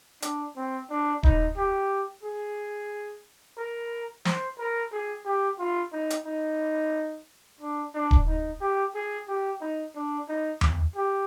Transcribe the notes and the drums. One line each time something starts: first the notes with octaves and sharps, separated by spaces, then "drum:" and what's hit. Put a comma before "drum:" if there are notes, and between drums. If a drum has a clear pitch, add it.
D4, drum: hi-hat
C4
D4
D#4, drum: kick D#1
G4
G#4
A#4
C5, drum: snare
A#4
G#4
G4
F4
D#4
drum: hi-hat
D#4
D4
D4
drum: kick D#1
D#4
G4
G#4
G4
D#4
D4
D#4
drum: tom E2
G4